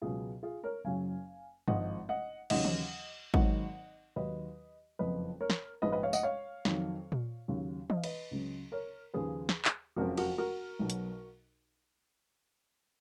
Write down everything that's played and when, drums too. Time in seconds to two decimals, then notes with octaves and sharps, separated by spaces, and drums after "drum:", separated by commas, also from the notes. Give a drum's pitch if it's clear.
0.02 C#2 B2 F#3 F4 G#4
0.43 F4 G#4
0.64 A#4 C#5
0.84 F#1 F#2 C#3 F#3 F5 G#5
1.68 G#1 G#2 F3 D#5 F#5, drum: tom G2
2.09 D#5 F#5
2.50 D#2 C#3 F#3 D#5 F#5, drum: cymbal
2.65 drum: tom E3
3.34 G#1 G#2 D#3 F#3 D#5 F#5, drum: kick
4.16 D#2 D#3 F#3 B4 D#5
4.99 F#1 F2 F3 B4 D#5
5.41 A#4 C#5
5.50 drum: snare
5.82 A#1 G#2 F3 B4 D#5
5.92 B4 D#5
6.03 C#5 F5
6.13 D#5 F#5, drum: tambourine
6.23 C#5 F5
6.65 F2 D#3 F#3, drum: snare
7.12 drum: tom A#2
7.48 D#2 C#3 F#3
7.90 D#5, drum: tom E3
7.97 F5
8.04 B4 D#5, drum: cymbal
8.31 C#2 C#3 F#3
8.72 A#4 C#5
9.14 D#2 C#3 F3 G#4 B4
9.49 drum: snare
9.65 drum: clap
9.96 F#1 F2 C#3 F3 F#4 A#4
10.17 F#4 A#4, drum: cymbal
10.38 F#4 A#4
10.79 B1 B2 F#3
10.90 drum: hi-hat